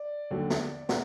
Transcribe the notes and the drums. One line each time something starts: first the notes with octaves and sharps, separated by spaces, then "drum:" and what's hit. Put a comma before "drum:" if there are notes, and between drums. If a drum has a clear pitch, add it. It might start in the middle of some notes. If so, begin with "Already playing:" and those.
Already playing: D5
D#2 D3 F#3
drum: snare
B2, drum: snare